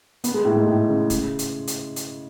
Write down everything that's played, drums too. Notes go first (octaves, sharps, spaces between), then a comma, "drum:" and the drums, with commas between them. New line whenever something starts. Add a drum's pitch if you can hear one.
B3, drum: hi-hat
G#3
A2
G#2
A2
C#3
C#3, drum: kick, hi-hat
drum: hi-hat
drum: hi-hat
drum: hi-hat